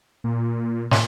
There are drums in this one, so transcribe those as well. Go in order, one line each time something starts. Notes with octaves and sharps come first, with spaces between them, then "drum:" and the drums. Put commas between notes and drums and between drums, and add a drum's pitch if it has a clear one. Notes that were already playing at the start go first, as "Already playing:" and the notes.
A#2
A#2, drum: snare